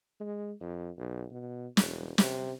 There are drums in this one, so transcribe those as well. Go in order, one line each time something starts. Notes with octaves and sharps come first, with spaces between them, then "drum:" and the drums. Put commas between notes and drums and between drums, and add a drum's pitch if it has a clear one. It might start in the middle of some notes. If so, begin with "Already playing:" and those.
G#3
F2
B1
B2
E1, drum: snare
C3, drum: snare